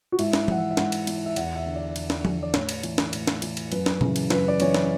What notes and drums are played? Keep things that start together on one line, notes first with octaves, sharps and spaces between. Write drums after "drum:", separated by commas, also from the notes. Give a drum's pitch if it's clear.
F#4
G#2 E4, drum: cymbal
drum: snare
E3 F#5, drum: tom F3
E5
E5
G#2 F#5, drum: snare
drum: cymbal
E3, drum: cymbal
E5
E2 F#5, drum: cymbal
E5
D3
D5
E2, drum: cymbal
drum: snare
D3, drum: tom F3
D5
A2 C#5, drum: snare
drum: cymbal
E3, drum: cymbal
drum: snare
A2, drum: cymbal
drum: snare
E3, drum: cymbal
drum: cymbal
F#2 B4, drum: cymbal
drum: snare
C#3 E3, drum: tom A#2
drum: cymbal
F#2 B4, drum: snare
D5
C#3 E3 C#5, drum: cymbal
drum: snare